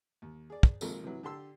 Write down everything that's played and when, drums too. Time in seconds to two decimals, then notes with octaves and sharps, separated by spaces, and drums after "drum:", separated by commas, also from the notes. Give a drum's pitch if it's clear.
0.22 D#2
0.50 G#4 D5
0.63 drum: kick
0.81 G#1 C3 F3 G#3 A#3 A4, drum: tambourine
1.04 C3 E3 F#3
1.23 D3 G4 A5 C6 E6